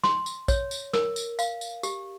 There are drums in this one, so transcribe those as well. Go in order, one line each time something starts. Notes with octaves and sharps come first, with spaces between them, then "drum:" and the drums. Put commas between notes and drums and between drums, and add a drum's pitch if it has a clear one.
C6, drum: snare
drum: tambourine
C#5, drum: kick, tambourine
drum: tambourine
A#4, drum: snare
drum: tambourine
F5, drum: tambourine
drum: tambourine
G4, drum: tambourine